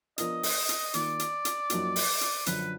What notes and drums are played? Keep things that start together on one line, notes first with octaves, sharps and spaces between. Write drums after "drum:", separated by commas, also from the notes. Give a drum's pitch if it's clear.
F3 B3 D4 F4 A#4 D#5, drum: hi-hat
drum: open hi-hat
drum: hi-hat
D#3 A#3 F4 D5, drum: hi-hat
drum: hi-hat
drum: hi-hat
F#2 F3 A#3 D#4 F#4, drum: hi-hat
drum: open hi-hat
drum: hi-hat
F#2 D3 F3 B4, drum: hi-hat